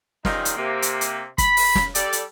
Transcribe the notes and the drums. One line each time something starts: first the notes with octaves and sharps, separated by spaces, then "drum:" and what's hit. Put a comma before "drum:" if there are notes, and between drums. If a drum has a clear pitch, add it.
A#2 D#3 F3 G3 G#3 D#4, drum: snare
drum: hi-hat
C3 A#3
drum: hi-hat
drum: hi-hat
B5, drum: kick, hi-hat
drum: open hi-hat
drum: snare
G3 A4 D5, drum: hi-hat
drum: hi-hat